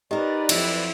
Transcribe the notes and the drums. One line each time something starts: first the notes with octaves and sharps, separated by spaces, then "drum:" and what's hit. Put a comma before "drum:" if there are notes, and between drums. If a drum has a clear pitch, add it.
D#4 G4 A#4 B4 D5 D#5
F2 F3 F#3 E4, drum: cymbal